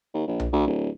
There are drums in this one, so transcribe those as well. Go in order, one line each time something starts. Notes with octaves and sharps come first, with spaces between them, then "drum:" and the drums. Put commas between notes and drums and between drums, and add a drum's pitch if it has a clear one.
D#2
A#1
drum: tom B1
D2
D1